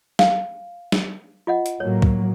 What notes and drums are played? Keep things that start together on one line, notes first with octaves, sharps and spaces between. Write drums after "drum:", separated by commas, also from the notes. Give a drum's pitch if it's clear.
F5 G5, drum: snare
drum: snare
F4 D#5 F#5
drum: hi-hat
A2 F#3 A#3 C#5
drum: kick